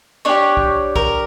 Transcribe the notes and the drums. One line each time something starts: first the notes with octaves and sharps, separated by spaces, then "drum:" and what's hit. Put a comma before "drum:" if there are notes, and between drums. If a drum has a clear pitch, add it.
D4 G4 C#5
drum: kick
A#4, drum: kick